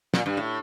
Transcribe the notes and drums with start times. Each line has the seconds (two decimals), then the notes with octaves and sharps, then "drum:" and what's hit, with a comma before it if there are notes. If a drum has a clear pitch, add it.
0.14 A#2, drum: snare
0.26 G2
0.37 A2